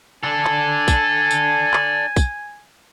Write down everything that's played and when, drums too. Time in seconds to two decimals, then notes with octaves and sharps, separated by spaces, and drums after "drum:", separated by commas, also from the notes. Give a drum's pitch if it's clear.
0.23 D4 A4 G#5
0.45 drum: clap
0.88 drum: kick, tambourine
1.31 drum: tambourine
1.74 drum: clap
2.16 drum: kick, tambourine